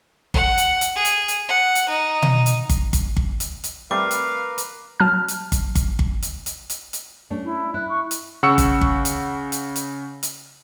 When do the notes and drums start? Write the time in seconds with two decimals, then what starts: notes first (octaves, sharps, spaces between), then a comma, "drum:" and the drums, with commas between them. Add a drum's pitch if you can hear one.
0.34 F#5, drum: kick G1
0.58 drum: hi-hat
0.81 drum: hi-hat
0.96 G#4
1.05 drum: hi-hat
1.28 drum: hi-hat
1.48 F#5
1.75 drum: hi-hat
1.89 D#4
2.22 drum: tom B2
2.46 drum: hi-hat
2.69 drum: kick G1, hi-hat
2.93 drum: kick G1, hi-hat
3.17 drum: kick G1
3.40 drum: hi-hat
3.64 drum: hi-hat
3.91 G3 A3 C4 A#4 B4 F5 D6
4.11 drum: hi-hat
4.58 drum: hi-hat
5.00 F#3 A5 F6
5.28 drum: hi-hat
5.52 drum: kick G1, hi-hat
5.75 drum: kick G1, hi-hat
5.99 drum: kick G1
6.23 drum: hi-hat
6.46 drum: hi-hat
6.70 drum: hi-hat
6.93 drum: hi-hat
7.30 A3 C#4 D4
7.44 E4
7.74 E4 F#6
7.89 C#6
8.11 drum: hi-hat
8.43 C#3 F#5 C#6 E6 C#7
8.58 drum: kick G1, hi-hat
8.81 drum: kick G1
9.05 drum: hi-hat
9.52 drum: hi-hat
9.76 drum: hi-hat
10.23 drum: hi-hat